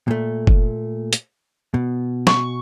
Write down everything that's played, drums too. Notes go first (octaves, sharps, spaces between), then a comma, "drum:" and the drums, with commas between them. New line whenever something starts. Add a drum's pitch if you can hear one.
A#2 A3
drum: kick F#1
drum: hi-hat
B2
C#6, drum: snare